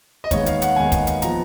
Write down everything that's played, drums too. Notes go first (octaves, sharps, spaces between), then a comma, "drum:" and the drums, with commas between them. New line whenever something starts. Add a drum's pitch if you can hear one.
D#5
D#2 D#3 G#3 B3 C#5, drum: kick, hi-hat
F5, drum: hi-hat
F#5, drum: hi-hat
D#2 D#3 G#3 B3 G#5
drum: kick, hi-hat
drum: hi-hat
A#2 F3 B3 A#5, drum: hi-hat